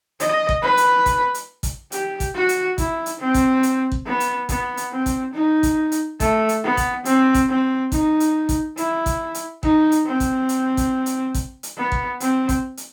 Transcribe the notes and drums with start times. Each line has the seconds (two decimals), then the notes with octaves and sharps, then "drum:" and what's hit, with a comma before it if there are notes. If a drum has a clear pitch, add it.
0.20 D#5, drum: hi-hat
0.49 drum: kick
0.63 B4
0.77 drum: hi-hat
1.06 drum: kick, hi-hat
1.34 drum: hi-hat
1.63 drum: kick, hi-hat
1.92 G4, drum: hi-hat
2.20 drum: kick, hi-hat
2.35 F#4
2.49 drum: hi-hat
2.78 E4, drum: kick, hi-hat
3.06 drum: hi-hat
3.20 C4
3.34 drum: kick, hi-hat
3.63 drum: hi-hat
3.92 drum: kick
4.06 B3
4.20 drum: hi-hat
4.49 B3, drum: kick, hi-hat
4.77 drum: hi-hat
4.92 C4
5.06 drum: kick, hi-hat
5.34 D#4
5.63 drum: kick, hi-hat
5.92 drum: hi-hat
6.20 A3, drum: kick, hi-hat
6.49 drum: hi-hat
6.64 B3
6.77 drum: kick, hi-hat
7.05 C4, drum: hi-hat
7.34 drum: kick, hi-hat
7.49 C4
7.92 D#4, drum: kick, hi-hat
8.20 drum: hi-hat
8.49 drum: kick, hi-hat
8.77 E4, drum: hi-hat
9.06 drum: kick, hi-hat
9.35 drum: hi-hat
9.63 D#4, drum: kick
9.92 drum: hi-hat
10.06 C4
10.20 drum: kick, hi-hat
10.49 drum: hi-hat
10.77 drum: kick, hi-hat
11.06 drum: hi-hat
11.35 drum: kick, hi-hat
11.63 drum: hi-hat
11.77 B3
11.92 drum: kick
12.20 C4, drum: hi-hat
12.49 drum: kick, hi-hat
12.77 drum: hi-hat